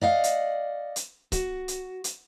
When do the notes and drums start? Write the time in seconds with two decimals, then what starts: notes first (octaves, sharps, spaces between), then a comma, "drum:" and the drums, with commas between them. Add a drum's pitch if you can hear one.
0.01 D5 D#5 F5 F#5
0.24 drum: hi-hat
0.96 drum: hi-hat
1.32 F#4, drum: kick C#1, hi-hat
1.68 drum: hi-hat
2.04 drum: hi-hat